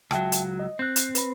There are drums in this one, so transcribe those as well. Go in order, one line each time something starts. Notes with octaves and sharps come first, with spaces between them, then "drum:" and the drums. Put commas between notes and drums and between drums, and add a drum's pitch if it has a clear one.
C#2 F#3 E5 G5 A5, drum: rim click
drum: hi-hat
D#5
C4 F#6 G6
drum: hi-hat
B4 B5, drum: hi-hat